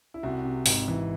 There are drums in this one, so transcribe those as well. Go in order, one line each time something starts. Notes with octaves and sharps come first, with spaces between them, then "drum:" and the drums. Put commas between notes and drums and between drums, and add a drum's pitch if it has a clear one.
E4
C2 F#4
C3
G#1, drum: open hi-hat
E3